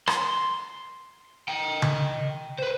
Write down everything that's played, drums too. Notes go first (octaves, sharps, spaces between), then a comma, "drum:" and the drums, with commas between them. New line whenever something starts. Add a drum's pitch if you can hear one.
C6, drum: rim click
D#5 G5
drum: tom C#3
B4 C5